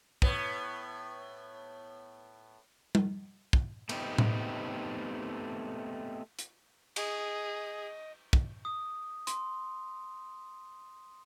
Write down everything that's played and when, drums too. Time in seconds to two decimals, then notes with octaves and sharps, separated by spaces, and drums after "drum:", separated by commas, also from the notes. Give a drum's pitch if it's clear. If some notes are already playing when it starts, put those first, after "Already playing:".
0.22 A2 B3, drum: kick
2.95 drum: tom G3
3.53 drum: kick
3.89 A3 B3 C4 D#4 G4, drum: cymbal
4.18 drum: tom A2
6.39 drum: hi-hat
6.96 G#4 D#5, drum: cymbal
8.33 drum: kick
8.65 D#6
9.27 C6, drum: hi-hat